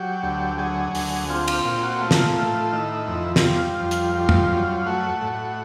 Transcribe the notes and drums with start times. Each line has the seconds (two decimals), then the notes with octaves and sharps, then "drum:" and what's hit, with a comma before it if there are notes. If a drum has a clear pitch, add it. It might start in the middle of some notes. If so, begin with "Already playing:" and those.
Already playing: F#3 G4
0.23 D2
0.58 F#3 G#4
0.95 D2, drum: open hi-hat
1.30 C4 F4
1.48 F4, drum: cymbal
1.65 A#2 F4
1.83 F#4
2.01 A3 F4
2.11 drum: snare
2.37 A2
2.73 D#3 E4
3.08 F2
3.36 E4, drum: snare
3.44 G3 F4
3.79 F2
3.91 drum: hi-hat
4.15 G3 F4
4.29 drum: tom F2
4.51 F#2
4.86 A3 F#4
5.22 A2